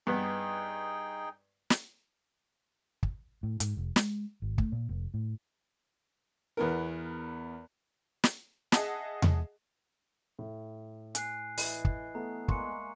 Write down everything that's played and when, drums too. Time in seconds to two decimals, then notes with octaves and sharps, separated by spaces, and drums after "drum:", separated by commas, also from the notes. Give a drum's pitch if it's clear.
0.07 G2 B3 D#4 G#4 G5
1.70 drum: snare
3.03 drum: kick
3.43 A2
3.60 G#2, drum: hi-hat
3.77 F1
3.96 G#3, drum: snare
4.42 G#1
4.58 A3, drum: kick
4.72 A#2
4.89 F1
5.14 A2
6.57 E2 B3 A#4
8.24 drum: snare
8.72 G#4 D#5 E5 F#5 A5, drum: snare
9.22 drum: tom E2
10.39 A2
11.15 G#5 F#6 C7, drum: hi-hat
11.58 E3 D#5, drum: open hi-hat
11.85 drum: kick
12.15 A3 B3 A#5
12.48 G#3 A#3 C#6 C#7, drum: kick